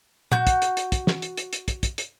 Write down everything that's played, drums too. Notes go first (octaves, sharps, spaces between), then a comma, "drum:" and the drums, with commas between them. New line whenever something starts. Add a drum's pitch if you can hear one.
F#4 G6, drum: tom A#2
drum: kick, hi-hat
drum: hi-hat
drum: hi-hat
drum: kick, hi-hat
drum: snare
drum: hi-hat
drum: hi-hat
drum: hi-hat
drum: kick, hi-hat
drum: kick, hi-hat
drum: hi-hat